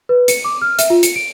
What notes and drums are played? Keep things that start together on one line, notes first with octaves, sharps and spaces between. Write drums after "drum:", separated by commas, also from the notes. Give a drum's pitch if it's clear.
B4
C#7, drum: hi-hat
D6
F6
E5, drum: hi-hat
F4
C#7, drum: hi-hat
D7